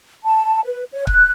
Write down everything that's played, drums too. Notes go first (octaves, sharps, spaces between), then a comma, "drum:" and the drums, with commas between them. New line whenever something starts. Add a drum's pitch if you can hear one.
A5
B4
C#5
F#6, drum: kick